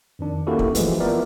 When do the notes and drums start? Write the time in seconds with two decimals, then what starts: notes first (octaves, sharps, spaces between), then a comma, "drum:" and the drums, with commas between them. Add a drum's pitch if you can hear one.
0.19 F2 D#3 D4
0.47 A#3 C#4 E4 F#4 G4 A4
0.59 drum: kick
0.75 E3 F3 G#3 A3, drum: hi-hat
1.00 B3 E4 F4 A#4 D5 E5